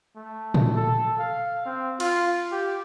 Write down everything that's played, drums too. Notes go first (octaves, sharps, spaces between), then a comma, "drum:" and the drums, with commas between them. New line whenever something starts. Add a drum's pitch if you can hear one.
A3
drum: tom A#2
A4
F5
C4
F4, drum: cymbal
G4